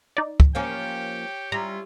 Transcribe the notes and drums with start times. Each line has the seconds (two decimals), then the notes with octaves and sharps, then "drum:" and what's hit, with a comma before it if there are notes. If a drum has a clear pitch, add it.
0.17 D#4 D5
0.40 drum: kick
0.55 F3 A#3 C#4 G4 C#5 G5
1.52 G3 C#4 E4 F4 A#5